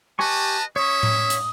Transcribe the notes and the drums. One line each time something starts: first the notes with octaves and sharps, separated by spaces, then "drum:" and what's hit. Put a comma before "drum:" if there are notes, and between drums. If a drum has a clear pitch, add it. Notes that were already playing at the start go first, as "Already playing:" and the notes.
G4 B4 D#5 G#5 A5 C#6
C#4 C#5 E5 C#6 D#6
drum: tom A2
drum: hi-hat